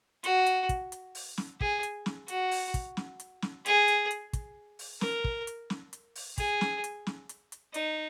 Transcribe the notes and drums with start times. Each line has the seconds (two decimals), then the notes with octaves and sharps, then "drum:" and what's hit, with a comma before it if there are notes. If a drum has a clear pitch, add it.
0.24 F#4, drum: hi-hat
0.46 drum: hi-hat
0.69 drum: kick, hi-hat
0.92 drum: hi-hat
1.15 drum: open hi-hat
1.37 drum: snare
1.61 G#4, drum: kick
1.83 drum: hi-hat
2.06 drum: snare
2.28 F#4, drum: hi-hat
2.51 drum: open hi-hat
2.74 drum: kick, hi-hat
2.97 drum: snare
3.20 drum: hi-hat
3.42 drum: snare
3.66 G#4, drum: hi-hat
3.88 drum: hi-hat
4.11 drum: hi-hat
4.33 drum: kick, hi-hat
4.79 drum: open hi-hat
5.01 A#4, drum: snare
5.24 drum: kick
5.47 drum: hi-hat
5.70 drum: snare
5.93 drum: hi-hat
6.15 drum: open hi-hat
6.38 G#4, drum: kick, hi-hat
6.61 drum: snare
6.84 drum: hi-hat
7.07 drum: snare
7.29 drum: hi-hat
7.52 drum: hi-hat
7.74 D#4, drum: hi-hat